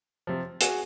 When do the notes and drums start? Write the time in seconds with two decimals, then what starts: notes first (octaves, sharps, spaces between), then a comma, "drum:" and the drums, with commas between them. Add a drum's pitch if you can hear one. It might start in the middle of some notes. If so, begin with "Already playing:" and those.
0.27 C3 F3
0.61 F#4 G#4, drum: hi-hat